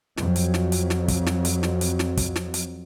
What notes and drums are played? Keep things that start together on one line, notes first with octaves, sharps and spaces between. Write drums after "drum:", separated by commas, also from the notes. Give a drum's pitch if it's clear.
F2 F#3, drum: snare
drum: hi-hat
drum: snare
drum: hi-hat
drum: snare
drum: kick, hi-hat
drum: snare
drum: hi-hat
drum: snare
drum: hi-hat
drum: snare
drum: kick, hi-hat
drum: snare
drum: hi-hat